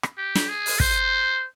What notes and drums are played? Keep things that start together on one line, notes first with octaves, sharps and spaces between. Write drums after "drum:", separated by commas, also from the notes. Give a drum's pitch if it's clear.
drum: rim click
G4
drum: snare
G#4
drum: open hi-hat
C5, drum: kick